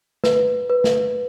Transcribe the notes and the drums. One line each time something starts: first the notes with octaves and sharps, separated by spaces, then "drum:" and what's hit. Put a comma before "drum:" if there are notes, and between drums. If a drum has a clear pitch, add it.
B4, drum: snare
B4
drum: snare